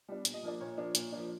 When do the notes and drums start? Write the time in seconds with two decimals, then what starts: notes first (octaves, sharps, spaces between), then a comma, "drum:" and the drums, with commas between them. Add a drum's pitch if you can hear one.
0.09 G3 B3 D4
0.25 A#2, drum: hi-hat
0.34 D#5
0.43 F3 A#3 D4 D5
0.61 A#2 C#5
0.78 F3 A#3 D4
0.95 A#2, drum: hi-hat
1.12 F3 A#3 D4